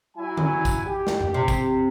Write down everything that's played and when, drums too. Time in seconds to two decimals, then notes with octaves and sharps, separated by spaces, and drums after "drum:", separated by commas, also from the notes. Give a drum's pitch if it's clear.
0.17 F#3 E4 G#5
0.37 drum: tom D3
0.65 drum: kick, tambourine
0.86 G4
1.07 drum: snare
1.20 drum: tom F2
1.34 C3
1.48 drum: kick, tambourine